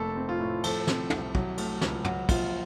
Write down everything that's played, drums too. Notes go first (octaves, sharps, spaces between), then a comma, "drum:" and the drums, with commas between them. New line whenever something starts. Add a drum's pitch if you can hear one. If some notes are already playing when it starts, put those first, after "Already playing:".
Already playing: F1 A3 A#3 A4
C4
F4
A2
F3 A4, drum: cymbal
C4, drum: snare
C2, drum: tom
F#3, drum: kick
A3, drum: cymbal
C#2, drum: snare
F#3 F#4, drum: tom
A#1 F4, drum: kick, cymbal